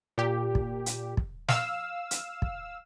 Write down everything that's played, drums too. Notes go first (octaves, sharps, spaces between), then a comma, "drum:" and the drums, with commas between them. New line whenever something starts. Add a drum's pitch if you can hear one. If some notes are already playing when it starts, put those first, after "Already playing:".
A#2 G4
drum: kick
drum: hi-hat
drum: kick
F5 E6, drum: snare
drum: hi-hat
drum: kick